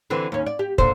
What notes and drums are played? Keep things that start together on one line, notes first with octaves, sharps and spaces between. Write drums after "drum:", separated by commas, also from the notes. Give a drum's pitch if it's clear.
D3 E3 C4
D#2 C#4
D5
G4
A#2 D3 C5, drum: kick